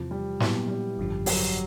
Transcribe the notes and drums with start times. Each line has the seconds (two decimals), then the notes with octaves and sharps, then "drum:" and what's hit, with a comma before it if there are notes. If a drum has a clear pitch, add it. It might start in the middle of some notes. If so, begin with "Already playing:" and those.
Already playing: E2 C3 E3 F3
0.11 G3
0.40 A#2 F#3 B3 E4, drum: snare
0.68 G3
0.97 G#1 F#2 D3 F3
1.26 F#3, drum: open hi-hat